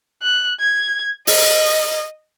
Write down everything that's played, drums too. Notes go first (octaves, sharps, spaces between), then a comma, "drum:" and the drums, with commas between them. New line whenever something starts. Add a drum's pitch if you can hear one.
F#6
G#6
D#5, drum: open hi-hat